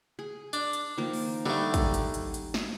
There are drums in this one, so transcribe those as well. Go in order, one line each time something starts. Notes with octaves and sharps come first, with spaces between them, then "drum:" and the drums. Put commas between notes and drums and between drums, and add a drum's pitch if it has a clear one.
G#4
D4, drum: hi-hat
drum: hi-hat
D#3 F3 A#3
drum: open hi-hat
D3 G3 A3 D#4
drum: kick, hi-hat
drum: hi-hat
drum: hi-hat
drum: hi-hat
drum: snare